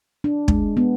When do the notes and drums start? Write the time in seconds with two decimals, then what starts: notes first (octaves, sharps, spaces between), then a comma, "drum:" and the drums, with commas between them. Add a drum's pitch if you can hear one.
0.24 D4
0.48 G#3, drum: kick
0.77 B3